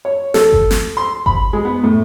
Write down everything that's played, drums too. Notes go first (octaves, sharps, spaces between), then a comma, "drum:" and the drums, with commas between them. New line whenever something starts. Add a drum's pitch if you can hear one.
C#5
A4, drum: snare
drum: kick G1
drum: snare
C6
B5, drum: kick G1
G#3
B3
A2